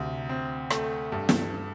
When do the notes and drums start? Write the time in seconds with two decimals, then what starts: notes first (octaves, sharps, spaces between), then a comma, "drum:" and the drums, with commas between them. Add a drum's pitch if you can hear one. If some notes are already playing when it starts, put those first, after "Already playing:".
Already playing: D2 C3
0.29 C4
0.70 A3, drum: rim click
1.12 G2
1.29 drum: snare